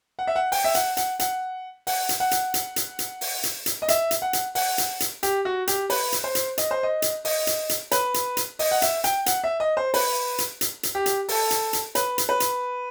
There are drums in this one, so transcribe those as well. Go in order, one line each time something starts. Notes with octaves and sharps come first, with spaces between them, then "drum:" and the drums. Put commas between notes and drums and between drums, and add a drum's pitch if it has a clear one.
F#5
E5
F#5
G5, drum: open hi-hat
E5
F#5, drum: hi-hat
F#5, drum: hi-hat
F#5, drum: hi-hat
F#5, drum: open hi-hat
drum: hi-hat
F#5
drum: hi-hat
drum: hi-hat
drum: hi-hat
drum: hi-hat
drum: open hi-hat
drum: hi-hat
drum: hi-hat
D#5
E5, drum: hi-hat
drum: hi-hat
F#5
drum: hi-hat
F#5, drum: open hi-hat
drum: hi-hat
drum: hi-hat
G4, drum: hi-hat
F#4
G4, drum: hi-hat
B4, drum: open hi-hat
drum: hi-hat
C5
drum: hi-hat
D#5, drum: hi-hat
C5
D#5
drum: hi-hat
D#5, drum: open hi-hat
drum: hi-hat
drum: hi-hat
B4, drum: hi-hat
drum: hi-hat
drum: hi-hat
D#5, drum: open hi-hat
F#5
E5, drum: hi-hat
G5, drum: hi-hat
F#5, drum: hi-hat
E5
D#5
C5
B4, drum: open hi-hat
drum: hi-hat
drum: hi-hat
drum: hi-hat
G4
drum: hi-hat
A4, drum: open hi-hat
drum: hi-hat
drum: hi-hat
B4, drum: hi-hat
drum: hi-hat
B4
drum: hi-hat